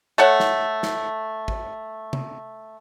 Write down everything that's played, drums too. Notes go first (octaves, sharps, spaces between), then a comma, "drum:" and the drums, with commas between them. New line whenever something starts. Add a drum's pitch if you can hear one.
A3 A4 C#5 F#5
drum: snare
drum: snare
drum: kick G#1
drum: tom C3